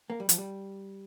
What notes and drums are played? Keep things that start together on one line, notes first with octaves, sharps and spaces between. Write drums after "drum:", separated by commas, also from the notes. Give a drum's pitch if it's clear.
A#3
G3
F3, drum: hi-hat
G3